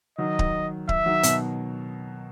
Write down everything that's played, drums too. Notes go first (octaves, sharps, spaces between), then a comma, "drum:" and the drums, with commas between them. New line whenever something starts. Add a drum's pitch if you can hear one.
D#3 F#3 D#5
drum: kick D1
E5, drum: kick D1
D#3 F#3
B2, drum: hi-hat